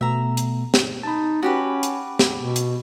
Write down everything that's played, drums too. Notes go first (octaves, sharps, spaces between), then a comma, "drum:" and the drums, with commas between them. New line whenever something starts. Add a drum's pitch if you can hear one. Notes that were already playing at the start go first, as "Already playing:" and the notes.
B2 A3 B3 E5 A#5
drum: hi-hat
drum: snare
D#4 A5 B5
C#4 F#4 G4 B4
drum: hi-hat
drum: snare
B2
drum: hi-hat